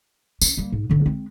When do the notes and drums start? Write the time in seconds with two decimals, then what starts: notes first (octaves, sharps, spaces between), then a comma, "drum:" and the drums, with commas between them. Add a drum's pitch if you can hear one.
0.42 C#4, drum: tambourine
0.57 G3 A#3
0.72 G#2
0.90 A1 D3
1.06 G#3 C4